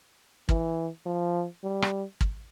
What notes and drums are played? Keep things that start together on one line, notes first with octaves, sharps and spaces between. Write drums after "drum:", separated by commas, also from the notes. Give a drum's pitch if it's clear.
E3, drum: kick
F3
G3
drum: rim click
drum: kick